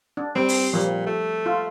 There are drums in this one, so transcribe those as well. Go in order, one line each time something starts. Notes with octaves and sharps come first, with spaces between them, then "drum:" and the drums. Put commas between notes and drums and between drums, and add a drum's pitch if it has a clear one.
D4
G3 C4
drum: open hi-hat
A#2 F3 G3
A3
F4